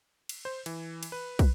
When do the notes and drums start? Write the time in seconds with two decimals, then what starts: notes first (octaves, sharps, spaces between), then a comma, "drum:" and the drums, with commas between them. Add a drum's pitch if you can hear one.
0.29 drum: cymbal
0.45 C5
0.66 E3, drum: cymbal
1.03 drum: cymbal
1.12 B4
1.39 drum: kick, cymbal